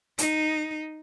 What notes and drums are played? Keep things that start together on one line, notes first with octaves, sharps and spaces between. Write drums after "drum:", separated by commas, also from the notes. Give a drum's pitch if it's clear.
D#4, drum: hi-hat